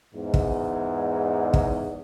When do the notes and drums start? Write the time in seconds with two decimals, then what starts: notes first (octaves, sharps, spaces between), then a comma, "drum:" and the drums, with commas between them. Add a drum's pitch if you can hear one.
0.14 E2 G#2
0.34 drum: kick
1.54 drum: kick